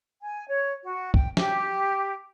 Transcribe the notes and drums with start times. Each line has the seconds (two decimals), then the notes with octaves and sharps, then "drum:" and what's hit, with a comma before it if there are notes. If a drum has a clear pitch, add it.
0.22 G#5
0.48 C#5
0.84 F#4
1.14 G5, drum: kick
1.37 G4, drum: snare